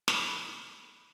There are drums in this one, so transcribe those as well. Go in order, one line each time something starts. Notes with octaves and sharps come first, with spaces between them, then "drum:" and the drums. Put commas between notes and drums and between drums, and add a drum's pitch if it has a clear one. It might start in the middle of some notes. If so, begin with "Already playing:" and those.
A5, drum: snare
B5